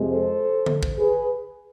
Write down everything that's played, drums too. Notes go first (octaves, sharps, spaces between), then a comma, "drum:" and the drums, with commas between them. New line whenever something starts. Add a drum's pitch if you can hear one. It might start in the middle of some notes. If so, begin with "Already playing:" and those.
Already playing: F2 C3 G#3
A4 C5
drum: tom D3
drum: kick
G#4 B4